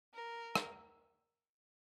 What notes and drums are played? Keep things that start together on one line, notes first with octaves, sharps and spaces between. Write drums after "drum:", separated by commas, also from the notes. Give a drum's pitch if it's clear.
A#4
drum: rim click